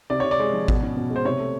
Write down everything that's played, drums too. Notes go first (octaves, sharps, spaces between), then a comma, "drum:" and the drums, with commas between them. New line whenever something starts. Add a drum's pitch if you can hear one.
C3 D5
C3 C#5
D5
G#3
F3
B2, drum: kick G#1
C#4
B2
G#3
C5
C3 C#5
A3